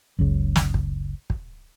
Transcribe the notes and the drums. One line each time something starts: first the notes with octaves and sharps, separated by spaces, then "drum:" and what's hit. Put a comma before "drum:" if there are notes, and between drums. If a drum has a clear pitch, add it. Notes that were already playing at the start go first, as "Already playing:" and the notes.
F#1 C#2 C#3
drum: snare
drum: kick
drum: kick